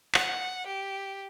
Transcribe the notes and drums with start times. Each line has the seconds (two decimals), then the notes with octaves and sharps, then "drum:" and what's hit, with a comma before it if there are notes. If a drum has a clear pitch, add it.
0.14 F#5, drum: clap
0.66 G4